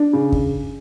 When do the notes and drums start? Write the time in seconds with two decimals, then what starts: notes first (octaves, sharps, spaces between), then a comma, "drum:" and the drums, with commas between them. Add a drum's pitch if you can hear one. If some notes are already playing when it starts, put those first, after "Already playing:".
Already playing: D4
0.13 C#3
0.32 drum: kick